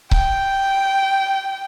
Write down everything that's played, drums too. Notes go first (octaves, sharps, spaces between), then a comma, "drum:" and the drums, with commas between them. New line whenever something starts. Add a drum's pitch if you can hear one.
G5, drum: kick C#1